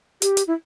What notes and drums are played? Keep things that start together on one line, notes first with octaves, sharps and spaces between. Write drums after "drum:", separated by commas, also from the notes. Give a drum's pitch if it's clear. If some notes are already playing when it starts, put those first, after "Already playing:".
G4, drum: hi-hat
drum: hi-hat
E4